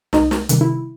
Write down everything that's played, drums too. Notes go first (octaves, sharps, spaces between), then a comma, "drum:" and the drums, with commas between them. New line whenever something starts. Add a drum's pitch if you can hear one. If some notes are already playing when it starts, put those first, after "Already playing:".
C2 D#4, drum: snare
drum: snare
C3 D#3 G3, drum: hi-hat
E4